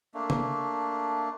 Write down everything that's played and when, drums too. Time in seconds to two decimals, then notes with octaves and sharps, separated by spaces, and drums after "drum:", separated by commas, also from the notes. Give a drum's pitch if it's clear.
0.14 A3 A#3 D4
0.30 drum: tom C#3